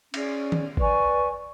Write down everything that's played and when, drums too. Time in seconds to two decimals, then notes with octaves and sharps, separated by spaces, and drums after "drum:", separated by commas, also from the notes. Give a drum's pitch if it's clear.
0.14 C#4 G#4 D5, drum: cymbal
0.52 drum: tom D#3
0.77 B4 D5 G#5 C#6, drum: kick G#1